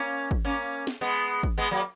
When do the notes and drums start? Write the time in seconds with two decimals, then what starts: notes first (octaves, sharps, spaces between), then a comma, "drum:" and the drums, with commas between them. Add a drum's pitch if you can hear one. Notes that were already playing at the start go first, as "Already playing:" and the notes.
Already playing: A#3 C#4
0.31 drum: kick
0.45 A#3 C#4
0.87 drum: snare
1.01 G#3 B3
1.43 drum: kick
1.58 G#3 B3
1.71 F#3 A#3